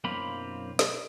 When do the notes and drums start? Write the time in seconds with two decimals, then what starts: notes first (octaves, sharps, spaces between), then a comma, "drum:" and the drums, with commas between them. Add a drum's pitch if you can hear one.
0.04 B1 F#2 A#3 C4 F4 B5
0.79 drum: snare